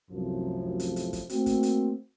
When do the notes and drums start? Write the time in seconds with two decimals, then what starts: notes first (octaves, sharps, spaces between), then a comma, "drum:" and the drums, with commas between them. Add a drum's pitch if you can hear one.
0.11 C2 F#2 A2 F3
0.80 drum: hi-hat
0.96 drum: hi-hat
1.13 drum: kick, hi-hat
1.29 A3 A#3 C4 F#4, drum: hi-hat
1.46 drum: kick, hi-hat
1.63 drum: hi-hat